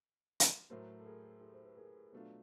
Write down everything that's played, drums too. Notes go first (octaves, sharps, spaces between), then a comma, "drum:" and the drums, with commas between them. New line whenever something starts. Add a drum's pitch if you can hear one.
drum: hi-hat
A2 F#3 A3 A#4 C5
A4
G#4 A#4
G4 A4
C5
B4
G#4 A#4
B2 F#3 A3 D4 F4 A4 B4